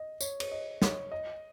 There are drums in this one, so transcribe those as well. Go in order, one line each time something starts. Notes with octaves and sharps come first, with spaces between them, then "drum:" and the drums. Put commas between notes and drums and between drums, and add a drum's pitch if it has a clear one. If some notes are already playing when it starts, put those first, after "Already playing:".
Already playing: D#5
C#5, drum: tambourine
C#5, drum: cymbal
D#5
C#5, drum: snare
D#5